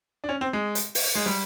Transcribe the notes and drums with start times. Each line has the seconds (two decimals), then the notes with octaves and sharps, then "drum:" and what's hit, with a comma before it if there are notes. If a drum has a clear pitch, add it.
0.24 D4
0.29 C#4
0.41 C4
0.53 G#3
0.75 drum: hi-hat
0.95 drum: open hi-hat
1.15 G#3
1.26 G3